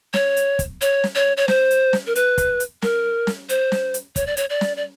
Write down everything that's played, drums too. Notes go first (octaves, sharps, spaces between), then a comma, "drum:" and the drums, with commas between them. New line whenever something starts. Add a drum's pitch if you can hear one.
C#5, drum: snare
drum: hi-hat
drum: kick, hi-hat
C#5, drum: hi-hat
drum: snare
C#5
C#5
C5, drum: snare
drum: hi-hat
drum: snare
A#4
B4, drum: hi-hat
drum: kick, hi-hat
drum: hi-hat
A#4, drum: snare
drum: snare
C5, drum: hi-hat
drum: snare
drum: hi-hat
C#5, drum: kick, hi-hat
D5
C#5, drum: hi-hat
D5
drum: snare
D5